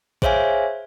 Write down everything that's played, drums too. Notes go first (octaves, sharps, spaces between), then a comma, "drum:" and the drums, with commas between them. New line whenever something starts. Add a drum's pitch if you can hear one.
G#4 C5 C#5 E5 F5 G#5, drum: kick